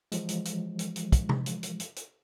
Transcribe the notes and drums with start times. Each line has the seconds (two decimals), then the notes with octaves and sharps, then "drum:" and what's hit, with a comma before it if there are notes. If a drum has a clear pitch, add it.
0.12 E3 F3 G#3, drum: hi-hat
0.29 drum: hi-hat
0.45 drum: hi-hat
0.79 drum: hi-hat
0.96 drum: hi-hat
1.12 drum: kick, hi-hat
1.29 drum: tom C3
1.46 drum: hi-hat
1.63 drum: hi-hat
1.80 drum: hi-hat
1.96 drum: hi-hat